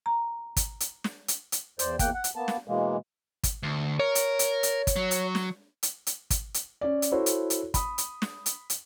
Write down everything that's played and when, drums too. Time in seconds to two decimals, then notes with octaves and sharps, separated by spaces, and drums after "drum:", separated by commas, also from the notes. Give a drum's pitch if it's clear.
0.06 A#5
0.57 drum: kick, hi-hat
0.80 drum: hi-hat
1.04 drum: snare
1.28 drum: hi-hat
1.52 drum: hi-hat
1.79 E2 C5 D5, drum: hi-hat
1.99 E2 A#3 F#5 G5, drum: kick, hi-hat
2.14 F#5
2.24 drum: hi-hat
2.36 A#3 B3 A5
2.48 drum: snare
2.68 B2 E3 G#3 A#3
3.43 drum: kick, hi-hat
3.63 D2
4.00 A#4 C#5
4.15 drum: hi-hat
4.39 drum: hi-hat
4.63 drum: hi-hat
4.87 drum: kick, hi-hat
4.96 F#3
5.11 drum: hi-hat
5.35 drum: snare
5.83 drum: hi-hat
6.07 drum: hi-hat
6.30 drum: kick, hi-hat
6.54 drum: hi-hat
6.81 C#4 D5
7.02 drum: hi-hat
7.12 E4 F#4 A4 C5 C#5
7.26 drum: hi-hat
7.50 drum: hi-hat
7.74 B5 D#6, drum: kick, hi-hat
7.98 drum: hi-hat
8.22 drum: snare
8.46 drum: hi-hat
8.70 drum: hi-hat